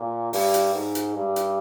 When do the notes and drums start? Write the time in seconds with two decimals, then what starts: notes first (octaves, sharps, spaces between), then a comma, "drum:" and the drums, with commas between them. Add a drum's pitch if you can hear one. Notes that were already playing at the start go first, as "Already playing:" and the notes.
Already playing: A#2
0.33 G2, drum: open hi-hat
0.54 drum: hi-hat
0.74 G#2
0.95 drum: hi-hat
1.15 G2
1.36 drum: hi-hat